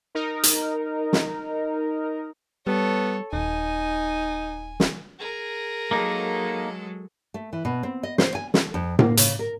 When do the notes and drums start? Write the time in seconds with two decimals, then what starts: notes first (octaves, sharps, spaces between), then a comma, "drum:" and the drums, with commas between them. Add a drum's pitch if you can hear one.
0.15 D#4 A#4
0.43 drum: hi-hat
1.13 drum: snare
2.67 G3 B3 A4 C#5
3.33 D#1 D#4 G#5
4.80 drum: snare
5.19 G#4 A#4
5.91 F#3 G#3 A#3 D#4 A4
7.34 A3
7.53 E3
7.65 B2
7.83 C4
8.03 D#5
8.18 C5, drum: snare
8.35 G#5
8.54 A4, drum: snare
8.74 F2
8.99 A#3, drum: tom A2
9.17 C#3, drum: hi-hat
9.39 A#4